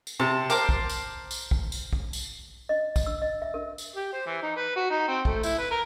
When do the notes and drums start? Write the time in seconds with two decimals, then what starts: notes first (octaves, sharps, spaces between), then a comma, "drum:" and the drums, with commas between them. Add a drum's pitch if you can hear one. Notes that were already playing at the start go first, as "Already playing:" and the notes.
0.07 drum: tambourine
0.20 C3 A5
0.50 A#4 C5 A5 D6, drum: tambourine
0.69 drum: kick
0.89 drum: tambourine
1.31 drum: tambourine
1.51 drum: kick
1.72 drum: tambourine
1.93 drum: kick
2.13 drum: tambourine
2.69 D#5
2.96 drum: kick, tambourine
3.06 E6
3.22 D#5
3.42 E5
3.54 A#4
3.78 drum: tambourine
3.96 G4
4.13 C5
4.26 E3
4.42 D#4
4.57 B4
4.76 F#4
4.90 D#4
5.08 C4
5.25 A3, drum: kick
5.43 E4, drum: tambourine
5.58 B4
5.71 A#4